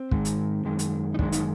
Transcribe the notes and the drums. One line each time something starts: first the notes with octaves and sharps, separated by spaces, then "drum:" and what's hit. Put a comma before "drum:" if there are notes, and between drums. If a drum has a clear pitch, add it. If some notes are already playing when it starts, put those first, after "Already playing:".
Already playing: C4
G#2 D#3 G#3, drum: kick
drum: hi-hat
F#2 D#3 G#3
drum: hi-hat
D#4
F#2 D#3 G#3 D4, drum: kick
D#4, drum: hi-hat